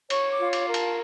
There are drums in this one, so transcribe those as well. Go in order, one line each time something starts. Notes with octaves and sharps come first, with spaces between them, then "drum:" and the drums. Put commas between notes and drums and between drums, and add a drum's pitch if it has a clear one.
C#5 C#6, drum: cymbal
D6
F4
D6, drum: cymbal
A#4
A5, drum: cymbal